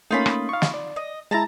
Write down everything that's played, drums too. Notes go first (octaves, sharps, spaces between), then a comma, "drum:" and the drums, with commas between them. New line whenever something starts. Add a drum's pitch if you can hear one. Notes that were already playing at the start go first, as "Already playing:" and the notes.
A3 A#3 C#4 D#4 F4 B5
drum: rim click
F5 C#6
drum: snare
D5
D#5
G#3 E4 A5 A#5